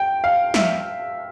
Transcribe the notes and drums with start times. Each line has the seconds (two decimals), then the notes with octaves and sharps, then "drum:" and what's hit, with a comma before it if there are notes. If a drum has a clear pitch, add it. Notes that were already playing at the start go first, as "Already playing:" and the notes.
Already playing: G5
0.24 F5
0.54 E5, drum: snare F3